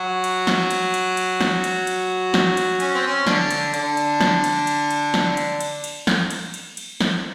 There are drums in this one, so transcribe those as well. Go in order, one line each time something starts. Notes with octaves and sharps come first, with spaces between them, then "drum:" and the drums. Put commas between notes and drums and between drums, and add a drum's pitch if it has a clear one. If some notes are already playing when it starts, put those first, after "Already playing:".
Already playing: F#3 F#4
drum: cymbal
drum: snare
drum: cymbal
drum: cymbal
drum: cymbal
drum: snare
drum: cymbal
drum: cymbal
drum: snare
drum: cymbal
C#4, drum: cymbal
C4
C#4
D3 D4, drum: snare
drum: cymbal
D3 D4, drum: cymbal
drum: cymbal
drum: snare
drum: cymbal
drum: cymbal
drum: cymbal
drum: snare
drum: cymbal
drum: cymbal
drum: cymbal
drum: snare
drum: cymbal
drum: cymbal
drum: cymbal
drum: snare